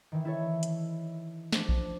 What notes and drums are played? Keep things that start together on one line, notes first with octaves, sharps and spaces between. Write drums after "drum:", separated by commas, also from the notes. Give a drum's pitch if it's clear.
D#3 E3
E4 A4 C#5
drum: hi-hat
F3 D4, drum: snare
drum: kick A#1